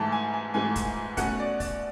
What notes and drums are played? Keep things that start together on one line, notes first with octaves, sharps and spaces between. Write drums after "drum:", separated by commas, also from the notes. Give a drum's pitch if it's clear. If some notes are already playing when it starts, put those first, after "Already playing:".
Already playing: G#2 E3 A3 A5
G#5
G#5
G#2 E3 A3 G#5
drum: kick, hi-hat
B2 A3 C#4 F#5, drum: kick, hi-hat
D5
D5, drum: kick, open hi-hat